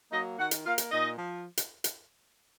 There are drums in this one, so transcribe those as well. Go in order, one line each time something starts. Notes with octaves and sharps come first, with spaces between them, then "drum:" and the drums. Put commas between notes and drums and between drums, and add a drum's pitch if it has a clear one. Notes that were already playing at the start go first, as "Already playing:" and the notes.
F#3 A#3 D#4 D#5
D#3 F#4 F#5
drum: hi-hat
A#3 F4 F5
drum: hi-hat
A#2 D#4 D#5
F3
drum: hi-hat
drum: hi-hat